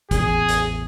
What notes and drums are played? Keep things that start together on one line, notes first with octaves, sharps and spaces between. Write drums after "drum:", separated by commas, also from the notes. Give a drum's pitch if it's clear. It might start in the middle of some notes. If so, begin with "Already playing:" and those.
A1 E2 G#4, drum: kick G1, hi-hat
drum: hi-hat